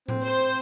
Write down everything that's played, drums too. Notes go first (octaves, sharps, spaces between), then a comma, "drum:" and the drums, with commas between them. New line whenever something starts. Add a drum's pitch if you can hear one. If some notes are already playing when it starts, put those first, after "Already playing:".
C4, drum: tom A2
C5